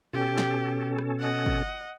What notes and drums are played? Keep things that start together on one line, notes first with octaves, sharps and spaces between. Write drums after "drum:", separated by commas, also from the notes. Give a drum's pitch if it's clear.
B2 C#4 G4 A4
drum: snare
drum: rim click
D#5 F#5
drum: kick